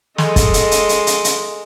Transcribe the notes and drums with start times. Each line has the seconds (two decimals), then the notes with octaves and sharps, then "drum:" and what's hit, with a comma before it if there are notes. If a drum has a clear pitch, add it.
0.18 G#3 A4 D#5 C6, drum: snare
0.36 drum: kick, hi-hat
0.54 drum: hi-hat
0.71 drum: hi-hat
0.89 drum: hi-hat
1.07 drum: hi-hat
1.24 drum: hi-hat